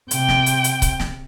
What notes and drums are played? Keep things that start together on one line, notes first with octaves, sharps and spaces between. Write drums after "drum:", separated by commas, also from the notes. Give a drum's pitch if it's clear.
C3 G5, drum: hi-hat
drum: snare
drum: hi-hat
drum: hi-hat
drum: kick C#1, hi-hat
drum: snare